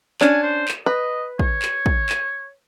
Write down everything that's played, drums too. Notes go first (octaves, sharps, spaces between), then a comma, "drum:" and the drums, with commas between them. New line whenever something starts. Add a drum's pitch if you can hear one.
C#4 D4 G#5, drum: clap
C5
drum: clap
B4 D#5
C#5, drum: kick
drum: clap
drum: kick
drum: clap